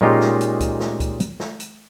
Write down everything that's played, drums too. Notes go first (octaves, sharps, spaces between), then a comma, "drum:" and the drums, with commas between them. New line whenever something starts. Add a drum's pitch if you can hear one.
A#2 G#3 C#4 D#4 F4 G4
drum: snare
drum: hi-hat
drum: kick, hi-hat
drum: snare
drum: kick, hi-hat
drum: hi-hat
drum: snare
drum: hi-hat